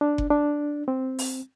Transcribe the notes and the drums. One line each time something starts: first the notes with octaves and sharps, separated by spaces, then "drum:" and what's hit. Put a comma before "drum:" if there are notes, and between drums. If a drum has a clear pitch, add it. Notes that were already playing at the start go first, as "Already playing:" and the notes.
D4
drum: kick F#1
D4
C4
drum: open hi-hat